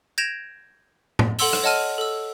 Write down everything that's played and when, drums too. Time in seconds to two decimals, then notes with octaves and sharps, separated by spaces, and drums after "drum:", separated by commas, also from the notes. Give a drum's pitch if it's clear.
0.18 G6 G#6 A#6 D7 E7 F7
1.19 drum: tom A2
1.39 A4 F#5 C6 E6 G7, drum: open hi-hat
1.53 drum: rim click
1.63 C#5 D#5 F#5 A5 F6 D#7
1.98 A4 E6